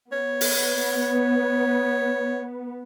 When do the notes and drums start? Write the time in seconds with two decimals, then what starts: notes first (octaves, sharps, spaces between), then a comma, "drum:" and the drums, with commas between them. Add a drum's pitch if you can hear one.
0.12 B3 C#5
0.41 drum: open hi-hat